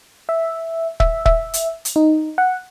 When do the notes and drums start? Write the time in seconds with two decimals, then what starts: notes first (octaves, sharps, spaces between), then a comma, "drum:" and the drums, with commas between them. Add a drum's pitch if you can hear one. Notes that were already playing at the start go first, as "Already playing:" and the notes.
0.29 E5
1.00 E5, drum: kick
1.26 E5, drum: kick
1.54 drum: hi-hat
1.85 drum: hi-hat
1.96 D#4
2.38 F#5